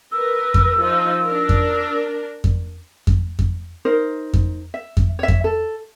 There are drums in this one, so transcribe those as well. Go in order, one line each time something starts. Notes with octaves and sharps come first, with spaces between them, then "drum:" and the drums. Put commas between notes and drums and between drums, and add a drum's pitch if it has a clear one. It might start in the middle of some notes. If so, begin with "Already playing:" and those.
A#4 B4 E6
drum: kick F2
F3 D#4
D4 A#4
drum: kick F2
drum: kick F2
drum: kick F2
drum: kick F2
D#4 A#4 C5
drum: kick F2
E5
drum: kick F2
C#5 E5
drum: kick F2
A4